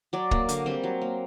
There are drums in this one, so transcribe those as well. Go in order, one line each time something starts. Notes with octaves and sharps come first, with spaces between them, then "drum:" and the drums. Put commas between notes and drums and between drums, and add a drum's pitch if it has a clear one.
F#3 D5
A#3, drum: kick
D3, drum: hi-hat
G3 C4
F#3
A#3